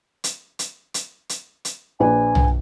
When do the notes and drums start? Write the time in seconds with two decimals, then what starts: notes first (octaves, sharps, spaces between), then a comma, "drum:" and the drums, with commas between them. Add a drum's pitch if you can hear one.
0.24 drum: hi-hat
0.59 drum: hi-hat
0.94 drum: hi-hat
1.29 drum: hi-hat
1.65 drum: hi-hat
2.00 A#1 B4 D5 G#5
2.35 drum: tom B1